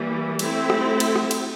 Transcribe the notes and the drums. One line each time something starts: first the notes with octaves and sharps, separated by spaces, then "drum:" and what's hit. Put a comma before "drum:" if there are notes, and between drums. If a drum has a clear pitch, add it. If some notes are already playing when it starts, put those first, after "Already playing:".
Already playing: E3 G3 A#3
A3 C4 E4, drum: cymbal
drum: rim click
drum: cymbal
drum: rim click
drum: cymbal